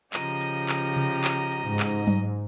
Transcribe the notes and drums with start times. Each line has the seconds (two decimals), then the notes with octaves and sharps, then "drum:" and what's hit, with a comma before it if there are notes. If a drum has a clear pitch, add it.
0.14 C#3 F3 G4 D#5 A#5, drum: clap
0.41 drum: hi-hat
0.69 drum: clap
0.97 drum: tom C3
1.24 drum: clap
1.52 drum: hi-hat
1.65 G#2
1.80 drum: clap
2.07 drum: tom F#3